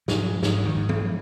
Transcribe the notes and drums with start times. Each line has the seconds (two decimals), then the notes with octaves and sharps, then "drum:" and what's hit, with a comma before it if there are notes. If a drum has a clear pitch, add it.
0.08 G#2 F3, drum: snare
0.43 G#2, drum: snare
0.65 D#3
0.77 G#2
0.89 E3, drum: tom